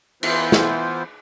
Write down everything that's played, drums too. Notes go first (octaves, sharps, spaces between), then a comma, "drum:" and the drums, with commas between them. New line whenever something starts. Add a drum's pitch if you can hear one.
E3 B3 E4 F4 C5, drum: cymbal
drum: snare